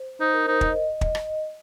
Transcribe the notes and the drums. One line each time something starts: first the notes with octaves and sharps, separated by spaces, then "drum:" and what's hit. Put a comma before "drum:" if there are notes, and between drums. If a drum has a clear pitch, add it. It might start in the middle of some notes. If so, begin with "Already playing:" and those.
Already playing: C5
D#4 C5
A#4
D#4 C5
D#5, drum: kick
drum: kick
drum: rim click